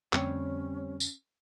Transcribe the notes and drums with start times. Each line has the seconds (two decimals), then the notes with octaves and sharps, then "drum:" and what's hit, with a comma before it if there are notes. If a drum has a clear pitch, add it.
0.13 F2 D3 G3 A3 C4 C#4 C#5, drum: clap
1.00 drum: tambourine